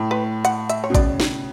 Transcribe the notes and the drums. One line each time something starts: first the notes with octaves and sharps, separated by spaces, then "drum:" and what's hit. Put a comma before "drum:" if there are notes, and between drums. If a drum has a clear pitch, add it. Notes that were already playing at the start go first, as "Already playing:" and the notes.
Already playing: A2
B4
F#5, drum: hi-hat
E5, drum: hi-hat
C#5
B2
C#3 D5, drum: kick A1, hi-hat
drum: snare